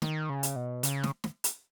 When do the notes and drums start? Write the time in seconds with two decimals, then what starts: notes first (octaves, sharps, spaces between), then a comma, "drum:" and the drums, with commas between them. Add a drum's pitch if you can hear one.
0.02 D#3, drum: snare
0.29 C#3
0.43 drum: hi-hat
0.56 B2
0.83 C#3, drum: hi-hat
1.03 drum: snare
1.24 drum: snare
1.44 drum: hi-hat